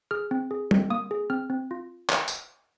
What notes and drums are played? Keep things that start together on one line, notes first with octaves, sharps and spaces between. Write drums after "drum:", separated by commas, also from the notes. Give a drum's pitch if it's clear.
G#4 F6
C4
G#4
C4, drum: tom G3
A#3 D#6
G#4
C4 F6
C4
F4
drum: clap
drum: tambourine